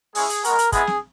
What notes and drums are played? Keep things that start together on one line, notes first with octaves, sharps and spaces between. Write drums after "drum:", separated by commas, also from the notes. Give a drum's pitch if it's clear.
G#3 C#4 E4 G#4, drum: open hi-hat
drum: hi-hat
G#3 B3 F#4 A#4, drum: hi-hat
drum: hi-hat
G#3 B3 E4 G#4, drum: kick, hi-hat
drum: snare